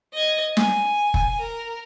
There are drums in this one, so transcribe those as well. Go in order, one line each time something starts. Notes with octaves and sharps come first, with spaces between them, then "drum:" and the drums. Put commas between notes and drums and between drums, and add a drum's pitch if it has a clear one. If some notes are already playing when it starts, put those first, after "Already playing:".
D#5 G#6
G#5, drum: snare
drum: kick F1
A#4